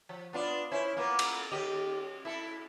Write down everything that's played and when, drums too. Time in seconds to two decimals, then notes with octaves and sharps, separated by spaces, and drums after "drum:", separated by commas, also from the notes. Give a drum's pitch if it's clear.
0.09 F3
0.33 B3 D4 F4
0.71 C#4 E4 C5
0.97 A#3 B3 F4
1.19 drum: cymbal
1.52 D#2 G4 D#5
2.25 E4 A4